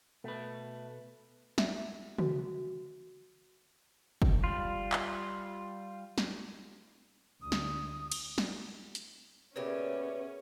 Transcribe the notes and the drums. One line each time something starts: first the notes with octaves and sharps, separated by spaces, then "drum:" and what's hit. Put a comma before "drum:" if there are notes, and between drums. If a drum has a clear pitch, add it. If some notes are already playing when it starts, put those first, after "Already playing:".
B2 A3 B4
E5, drum: snare
F#4, drum: tom
drum: kick
G3 F4
drum: clap
drum: snare
D2 D#6
drum: snare
drum: cymbal
drum: snare
drum: hi-hat
A#2 C#3 B3 C#4 G4 G#4 A#4 E5